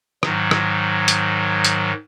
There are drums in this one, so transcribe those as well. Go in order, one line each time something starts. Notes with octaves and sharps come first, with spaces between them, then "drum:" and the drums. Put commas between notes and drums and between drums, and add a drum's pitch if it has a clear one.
G#2 D#3 F#3, drum: rim click
drum: rim click
drum: hi-hat
drum: hi-hat